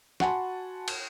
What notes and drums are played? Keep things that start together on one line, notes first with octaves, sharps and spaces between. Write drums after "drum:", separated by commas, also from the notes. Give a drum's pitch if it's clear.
F#4 F#5 G#5 A5 B5 C6, drum: snare
drum: cymbal